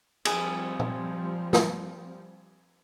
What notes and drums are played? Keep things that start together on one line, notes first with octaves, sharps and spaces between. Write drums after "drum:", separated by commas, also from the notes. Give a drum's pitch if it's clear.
F3 G3 C4 G#4, drum: cymbal
drum: tom
drum: snare